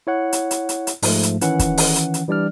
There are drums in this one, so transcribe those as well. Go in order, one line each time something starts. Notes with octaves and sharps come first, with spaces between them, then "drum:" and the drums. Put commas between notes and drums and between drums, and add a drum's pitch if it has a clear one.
E4 C#5 F#5
drum: hi-hat
drum: hi-hat
drum: hi-hat
drum: hi-hat
G#2 F3 A3, drum: open hi-hat
drum: hi-hat
D#3 E3 C#4 F#5, drum: hi-hat
drum: kick, hi-hat
drum: open hi-hat
drum: hi-hat
drum: hi-hat
E3 G3 D4 D5 F6